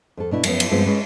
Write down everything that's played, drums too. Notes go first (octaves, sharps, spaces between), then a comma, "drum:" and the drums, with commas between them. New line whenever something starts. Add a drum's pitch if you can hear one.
F2 A4
B2 D4 E4
F#2 F3 A#3 B3 C#4, drum: cymbal
drum: cymbal
G2 F3 G#3 B3 C4 F4
G#3 C#4 B4